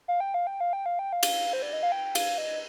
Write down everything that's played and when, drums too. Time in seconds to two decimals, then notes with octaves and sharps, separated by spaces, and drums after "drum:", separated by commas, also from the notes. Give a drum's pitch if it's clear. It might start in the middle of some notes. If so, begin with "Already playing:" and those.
0.08 F5
0.20 G5
0.34 F5
0.47 G5
0.60 F5
0.73 G5
0.86 F5
0.99 G5
1.13 F5
1.23 drum: cymbal
1.53 C5
1.62 D5
1.73 D#5
1.83 F5
1.92 G5
2.15 F5, drum: cymbal
2.38 D#5